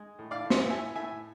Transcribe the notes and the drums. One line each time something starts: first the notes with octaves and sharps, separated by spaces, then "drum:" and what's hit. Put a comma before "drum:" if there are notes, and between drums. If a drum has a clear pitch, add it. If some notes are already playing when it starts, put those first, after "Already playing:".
Already playing: G#3
A2
D5 F5
A2
C5 E5, drum: snare
A2 E5 G#5
A2 E5 G#5